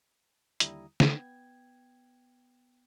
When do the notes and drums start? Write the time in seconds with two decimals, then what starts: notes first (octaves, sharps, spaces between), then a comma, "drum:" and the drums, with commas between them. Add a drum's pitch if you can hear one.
0.60 D#2 D3 G3 E4 A#5 D#6, drum: hi-hat
1.00 B3 G5 G#6, drum: snare